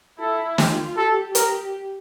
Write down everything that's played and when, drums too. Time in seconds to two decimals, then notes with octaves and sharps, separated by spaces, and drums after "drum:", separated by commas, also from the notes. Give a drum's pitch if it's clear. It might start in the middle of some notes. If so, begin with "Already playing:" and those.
0.20 E4 A4
0.58 F4 G4, drum: snare
0.97 G4 A4
1.35 G4 A#4, drum: hi-hat